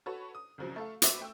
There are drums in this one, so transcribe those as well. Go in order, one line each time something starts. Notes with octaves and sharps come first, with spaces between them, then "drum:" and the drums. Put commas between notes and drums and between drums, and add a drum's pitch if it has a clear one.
F#4 A4 B4 C#5
D#6
C2 C#3 F3 F#3
A3 A4 F5
F#4 B4 C5 E5 C6 D6, drum: hi-hat
A3 G5 E6